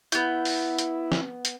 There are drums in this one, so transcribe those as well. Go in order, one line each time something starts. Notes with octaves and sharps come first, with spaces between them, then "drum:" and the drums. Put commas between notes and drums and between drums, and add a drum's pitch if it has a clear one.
B3 E4 G6, drum: hi-hat
drum: open hi-hat
drum: hi-hat
drum: snare
drum: hi-hat